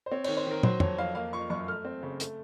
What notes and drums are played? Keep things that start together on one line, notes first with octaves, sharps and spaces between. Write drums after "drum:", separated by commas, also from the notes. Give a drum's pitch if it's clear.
C5
C4 C#5
D#3 C#5, drum: cymbal
C5
D#3 A#4
F#3 C5, drum: tom
F2 C#5, drum: tom
F2 F5
A#3 F5
F4 C#6
F#2 C#6
A3 F6
C4
C#3
A3, drum: hi-hat